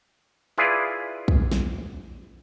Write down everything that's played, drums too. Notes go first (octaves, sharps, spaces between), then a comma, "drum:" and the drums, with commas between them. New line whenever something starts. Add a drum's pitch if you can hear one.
E4 F4 G#4 B4 D5
drum: kick
drum: snare